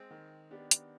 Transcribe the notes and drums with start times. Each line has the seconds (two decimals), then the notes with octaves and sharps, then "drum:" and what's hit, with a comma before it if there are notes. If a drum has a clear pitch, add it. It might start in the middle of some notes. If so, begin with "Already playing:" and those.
Already playing: G#3 C4
0.10 D#3
0.51 B3 D4 G4
0.71 drum: hi-hat